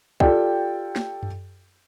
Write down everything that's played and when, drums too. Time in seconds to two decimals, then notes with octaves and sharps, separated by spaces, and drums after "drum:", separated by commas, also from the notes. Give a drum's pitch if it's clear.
0.20 F4 G4 A4 D5 G5, drum: kick
0.96 drum: snare
1.23 drum: tom F#2